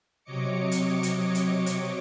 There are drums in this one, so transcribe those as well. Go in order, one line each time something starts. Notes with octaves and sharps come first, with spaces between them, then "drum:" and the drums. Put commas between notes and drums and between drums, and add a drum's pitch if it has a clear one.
C3 F#3 C#5 D#5 D6 C#7
drum: hi-hat
drum: hi-hat
drum: hi-hat
drum: hi-hat